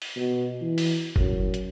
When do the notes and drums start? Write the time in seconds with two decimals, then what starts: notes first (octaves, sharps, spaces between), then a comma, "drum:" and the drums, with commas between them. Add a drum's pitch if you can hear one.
0.02 drum: open hi-hat
0.16 B2
0.61 E3
0.78 drum: open hi-hat
1.16 F#2, drum: kick F#1
1.54 drum: hi-hat